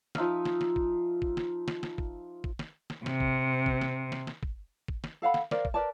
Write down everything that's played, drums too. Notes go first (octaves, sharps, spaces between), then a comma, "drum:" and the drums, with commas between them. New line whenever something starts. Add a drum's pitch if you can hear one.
F3 D#4 E5 F5, drum: snare
drum: snare
drum: snare
drum: kick
drum: kick
drum: snare
drum: snare
drum: snare
drum: kick
drum: kick
drum: snare
drum: snare
C3, drum: snare
drum: kick
drum: kick
drum: snare
drum: snare
drum: snare
drum: kick
drum: kick
drum: snare
A4 F5 F#5 B5
drum: snare
A#4 C5 D5 F5, drum: snare
drum: kick
A#4 B4 D5 A5